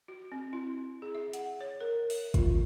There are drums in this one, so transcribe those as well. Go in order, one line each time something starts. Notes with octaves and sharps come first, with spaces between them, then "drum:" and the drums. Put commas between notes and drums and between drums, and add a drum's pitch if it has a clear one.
F#4
C4
E4
G#4
E5
F#5, drum: hi-hat
C#5
A#4
E5, drum: open hi-hat
F4, drum: kick, hi-hat